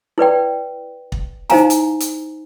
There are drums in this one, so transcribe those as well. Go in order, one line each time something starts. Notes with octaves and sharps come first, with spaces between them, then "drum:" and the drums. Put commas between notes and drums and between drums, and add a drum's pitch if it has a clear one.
E4 B4 D5 G5
drum: kick
D#4 E4 C5 F5 G#5 A#5, drum: snare
drum: hi-hat
drum: hi-hat